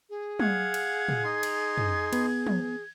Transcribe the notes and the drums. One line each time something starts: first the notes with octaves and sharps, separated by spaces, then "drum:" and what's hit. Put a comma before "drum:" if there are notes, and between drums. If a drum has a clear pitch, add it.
G#4
F5 F#5 G#6, drum: tom
drum: cymbal
drum: tom
D#4 C6
drum: cymbal
drum: tom
B3, drum: cymbal
drum: tom